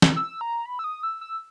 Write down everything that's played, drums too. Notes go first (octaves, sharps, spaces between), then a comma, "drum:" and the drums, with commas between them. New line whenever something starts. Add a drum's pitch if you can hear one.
drum: snare
E6
A#5
B5
E6
D#6
E6
E6